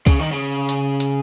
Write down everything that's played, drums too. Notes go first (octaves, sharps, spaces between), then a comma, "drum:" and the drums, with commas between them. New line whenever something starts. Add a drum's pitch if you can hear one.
C#3, drum: kick C#2, hi-hat
D#3
C#3
drum: hi-hat
drum: hi-hat